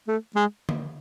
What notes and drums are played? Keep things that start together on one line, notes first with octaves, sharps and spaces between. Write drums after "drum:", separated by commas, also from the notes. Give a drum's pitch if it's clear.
A3
G#3
drum: tom D3